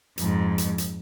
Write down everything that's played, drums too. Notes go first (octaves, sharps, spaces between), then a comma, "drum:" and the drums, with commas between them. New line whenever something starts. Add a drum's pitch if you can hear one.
F2 G#2, drum: hi-hat
drum: hi-hat
drum: hi-hat